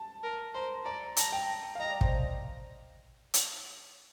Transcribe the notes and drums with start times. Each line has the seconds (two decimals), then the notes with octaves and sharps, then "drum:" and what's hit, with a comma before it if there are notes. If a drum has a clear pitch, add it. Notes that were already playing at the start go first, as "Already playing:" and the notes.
Already playing: A5
0.23 A#4
0.55 C5 A#5
0.86 D5 A#5
1.17 A5 A#5, drum: hi-hat
1.32 G5
1.75 F5
1.80 D#5 A#5
1.90 D5
2.01 C5, drum: kick
3.34 drum: hi-hat